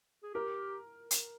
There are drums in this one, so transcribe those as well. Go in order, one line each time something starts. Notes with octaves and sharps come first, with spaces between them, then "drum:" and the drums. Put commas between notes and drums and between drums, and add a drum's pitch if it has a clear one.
G#4
G4 A#4
drum: hi-hat